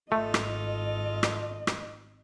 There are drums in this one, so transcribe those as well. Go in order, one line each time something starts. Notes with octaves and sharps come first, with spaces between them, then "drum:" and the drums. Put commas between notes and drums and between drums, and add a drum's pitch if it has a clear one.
G#1 A3 F4 A4 D#5
drum: rim click
drum: rim click
drum: rim click